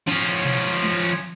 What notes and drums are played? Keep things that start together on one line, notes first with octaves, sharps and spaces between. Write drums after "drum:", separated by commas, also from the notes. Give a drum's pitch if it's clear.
F3 C#4, drum: snare
drum: tom B2
drum: tom G#3